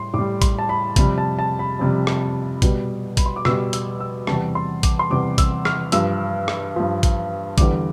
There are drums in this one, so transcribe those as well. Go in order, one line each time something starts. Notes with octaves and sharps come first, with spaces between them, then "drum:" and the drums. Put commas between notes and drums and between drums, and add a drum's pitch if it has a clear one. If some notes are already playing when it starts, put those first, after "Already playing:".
Already playing: A2 G3 C6
A2 G3 D6
C6, drum: kick A1, hi-hat
A5
B5
F2 C3 G3 B5, drum: kick A1, hi-hat
A5
A5
B5
F2 C3 G3
drum: rim click
B2 G3, drum: kick A1, hi-hat
B5, drum: kick A1, hi-hat
C6
D6
B2 G3 E6, drum: rim click
E6, drum: hi-hat
E6
E2 C3 G3 A5, drum: rim click
C6
D6, drum: kick A1, hi-hat
C6
E2 C3 G3 D6
E6, drum: kick A1, hi-hat
F6, drum: rim click
G2 F3 E6, drum: hi-hat
drum: rim click
G2 F3
drum: kick A1, hi-hat
E2 D3 G3 D6, drum: kick A1, hi-hat